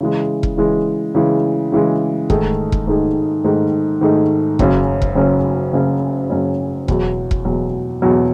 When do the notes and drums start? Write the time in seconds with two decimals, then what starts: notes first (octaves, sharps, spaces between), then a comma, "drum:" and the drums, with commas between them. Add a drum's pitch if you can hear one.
0.01 C#3 E3 G#3
0.43 drum: kick E1
0.57 C#3 E3 G#3
1.15 C#3 E3 G#3
1.72 C#3 E3 G#3
2.30 G#2 D#3 A3 D#4 G#4, drum: kick E1
2.72 drum: kick E1
2.87 G#2 D#3 A3 D#4 G#4
3.44 G#2 D#3 A3 D#4 G#4
4.01 G#2 D#3 A3 D#4 G#4
4.59 F#1 F#2 C#3 F#3 C#4, drum: kick E1
5.02 drum: kick E1
5.15 F#1 F#2 C#3 F#3 C#4
5.73 F#1 F#2 C#3 F#3 C#4
6.30 F#1 F#2 C#3 F#3 C#4
6.88 E2 B2 F#3, drum: kick E1
7.31 drum: kick E1
7.45 E2 B2 F#3
8.02 E2 B2 F#3